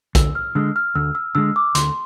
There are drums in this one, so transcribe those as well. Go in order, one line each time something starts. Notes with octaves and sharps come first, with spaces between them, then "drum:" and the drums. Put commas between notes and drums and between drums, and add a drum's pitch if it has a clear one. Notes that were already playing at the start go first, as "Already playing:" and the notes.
D2 E6, drum: kick, hi-hat
F6
D3 G#3 E6
F6
D2 E6
E6
D3 G#3 E6
D6
D2 C6, drum: hi-hat